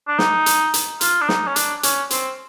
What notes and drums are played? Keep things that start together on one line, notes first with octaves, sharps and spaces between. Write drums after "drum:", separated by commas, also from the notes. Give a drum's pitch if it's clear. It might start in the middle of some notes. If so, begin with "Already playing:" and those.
D4
D#4, drum: snare
drum: hi-hat
drum: hi-hat
F4, drum: hi-hat
D4
D#4, drum: snare
C#4
D4, drum: hi-hat
C#4, drum: hi-hat
C4, drum: hi-hat